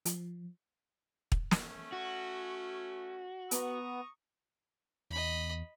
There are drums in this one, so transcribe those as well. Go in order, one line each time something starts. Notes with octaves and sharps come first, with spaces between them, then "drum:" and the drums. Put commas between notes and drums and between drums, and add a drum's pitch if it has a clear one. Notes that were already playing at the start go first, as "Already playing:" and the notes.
F3, drum: hi-hat
drum: kick
A3 C#4, drum: snare
F#4
B3 A#5 C#6 D#6, drum: hi-hat
E2 D#5 B5